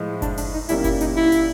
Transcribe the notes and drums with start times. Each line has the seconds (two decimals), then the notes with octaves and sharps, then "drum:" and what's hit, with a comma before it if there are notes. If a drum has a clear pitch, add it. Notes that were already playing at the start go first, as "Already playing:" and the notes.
Already playing: A2 F3 G#3
0.22 D4, drum: kick F#1, hi-hat
0.37 D4, drum: open hi-hat
0.53 D#4
0.69 A#2 G3 A#3 C#4 E4, drum: open hi-hat
0.84 E4, drum: kick F#1, hi-hat
1.01 D#4, drum: open hi-hat
1.16 E4
1.32 drum: open hi-hat